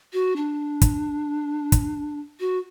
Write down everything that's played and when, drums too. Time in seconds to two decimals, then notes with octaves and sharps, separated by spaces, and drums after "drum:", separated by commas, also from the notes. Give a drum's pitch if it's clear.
0.13 F#4
0.36 D4
0.82 drum: kick, hi-hat
1.72 drum: kick, hi-hat
2.40 F#4